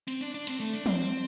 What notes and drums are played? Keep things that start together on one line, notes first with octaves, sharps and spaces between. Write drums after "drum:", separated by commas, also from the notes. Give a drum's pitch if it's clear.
C4, drum: hi-hat
D4
D4
C4, drum: hi-hat
A3
D4
C4, drum: tom